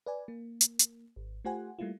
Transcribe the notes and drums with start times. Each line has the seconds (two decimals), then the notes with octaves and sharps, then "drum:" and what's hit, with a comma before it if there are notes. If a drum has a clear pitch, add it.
0.06 B4 D5 G#5
0.28 A#3
0.61 drum: hi-hat
0.79 drum: hi-hat
1.16 G#1
1.45 A3 F4 G4 C5 F#5 G#5
1.79 G3 A3 A#3 E4 F4